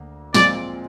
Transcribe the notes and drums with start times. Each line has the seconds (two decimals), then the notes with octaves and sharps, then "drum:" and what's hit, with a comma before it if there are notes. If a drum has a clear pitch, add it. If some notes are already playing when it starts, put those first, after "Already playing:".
Already playing: D2 A#3
0.34 A#2 F3 G#3 C4 F4 D5, drum: snare